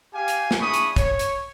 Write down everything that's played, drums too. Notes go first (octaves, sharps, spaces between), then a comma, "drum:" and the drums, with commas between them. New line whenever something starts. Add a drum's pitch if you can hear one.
G4 F5 G#5
drum: hi-hat
drum: snare
D4 E4 G#4 B5 C#6 D#6
drum: hi-hat
C#5, drum: kick, hi-hat
drum: hi-hat